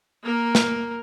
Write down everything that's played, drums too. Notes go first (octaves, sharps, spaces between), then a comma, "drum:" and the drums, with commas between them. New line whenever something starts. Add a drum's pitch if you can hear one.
A#3 A#4
drum: snare